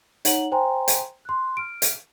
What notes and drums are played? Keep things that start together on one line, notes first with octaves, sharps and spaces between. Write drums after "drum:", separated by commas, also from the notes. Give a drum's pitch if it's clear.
D#4 C#5 F#5 A#5 F#7, drum: hi-hat
C5 G5 G#5 A#5 C6
drum: hi-hat
C6 F#6
F6 D7
drum: hi-hat